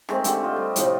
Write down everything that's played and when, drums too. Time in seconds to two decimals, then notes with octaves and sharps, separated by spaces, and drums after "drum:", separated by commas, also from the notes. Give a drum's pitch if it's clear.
0.09 D#3 G#3 A3 C4, drum: rim click
0.24 D3 G4 E5 F#5, drum: hi-hat
0.43 F4 D#5
0.56 G3
0.76 A2 C3 F3 G5, drum: hi-hat